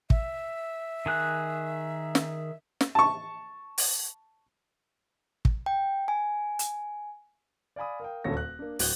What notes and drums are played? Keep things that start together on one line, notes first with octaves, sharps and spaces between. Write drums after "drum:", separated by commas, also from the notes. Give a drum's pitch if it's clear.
E5, drum: kick
D#3 G#4 F#6
drum: snare
drum: snare
A5 C#6
drum: open hi-hat
drum: kick
G5
G#5
drum: hi-hat
D5 F5 G#5 B5 D#6
A#4 F5 G5
D#1 D2 C#3 A4 C#5 A#6
F#6
A#3 D4
D1 F#4 F#6 G6 G7, drum: open hi-hat